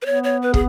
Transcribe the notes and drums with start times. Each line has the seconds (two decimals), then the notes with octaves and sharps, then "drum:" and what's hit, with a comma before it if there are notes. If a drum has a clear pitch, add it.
0.02 B4
0.05 B3 C#5
0.24 C#5
0.42 B4
0.54 G#4, drum: kick